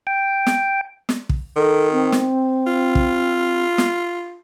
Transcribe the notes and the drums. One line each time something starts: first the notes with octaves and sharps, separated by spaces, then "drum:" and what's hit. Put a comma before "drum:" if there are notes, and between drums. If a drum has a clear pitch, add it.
G5
drum: snare
drum: snare
drum: kick
D#3 A4
C4
drum: snare
F4
drum: kick
drum: snare